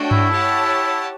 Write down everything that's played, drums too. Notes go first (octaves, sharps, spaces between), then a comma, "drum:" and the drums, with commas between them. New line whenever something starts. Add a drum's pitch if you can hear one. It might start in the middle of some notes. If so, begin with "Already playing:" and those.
Already playing: A3 D4 F#4 C#5 G5
E4, drum: tom G2
G4 C#5 F#5 A5